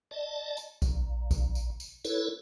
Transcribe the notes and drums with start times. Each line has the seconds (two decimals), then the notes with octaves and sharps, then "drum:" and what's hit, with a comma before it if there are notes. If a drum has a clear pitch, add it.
0.11 D5 D#5 A5
0.57 drum: tambourine
0.82 A#1, drum: kick C2, tambourine
1.31 drum: kick C2, tambourine
1.55 drum: tambourine
1.80 drum: tambourine
2.05 E4 A4 B4 C#5, drum: tambourine